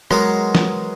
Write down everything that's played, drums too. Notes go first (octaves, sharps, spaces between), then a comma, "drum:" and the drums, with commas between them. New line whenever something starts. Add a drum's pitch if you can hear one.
F#3 G#3 B3 G#4 A#4, drum: rim click
drum: snare